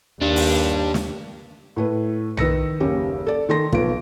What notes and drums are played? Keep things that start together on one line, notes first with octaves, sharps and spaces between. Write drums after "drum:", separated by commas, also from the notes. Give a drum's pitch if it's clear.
D#2 G3 D4
drum: open hi-hat
drum: snare
A2 A3 B4
D#3 B4 E6 A#6 C#7, drum: tom B1
F#1 D#2 C#4 G4
A4 D5
D#3 A4 C6 A#6
B1 F3 B3 D7, drum: kick